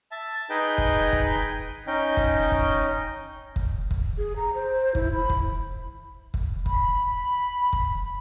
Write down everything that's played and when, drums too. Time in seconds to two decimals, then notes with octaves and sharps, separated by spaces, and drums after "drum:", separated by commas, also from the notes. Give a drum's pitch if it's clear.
0.11 E5 A5
0.50 D#4 G#4 B4 D#5 G5
0.78 drum: kick
1.13 drum: kick
1.87 C#4 D#4 D#5 G5
2.17 drum: kick
2.52 drum: kick
3.56 drum: kick
3.91 drum: kick
4.18 G#4
4.36 A#5
4.54 C5
4.95 E4, drum: kick
5.13 B5
5.30 drum: kick
6.34 drum: kick
6.66 B5, drum: kick
7.73 drum: kick